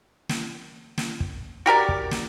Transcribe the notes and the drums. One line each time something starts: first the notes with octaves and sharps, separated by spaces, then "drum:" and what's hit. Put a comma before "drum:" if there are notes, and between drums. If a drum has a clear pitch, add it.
drum: snare
drum: snare
drum: kick
F#4 G4 A#4 D5
drum: kick
drum: snare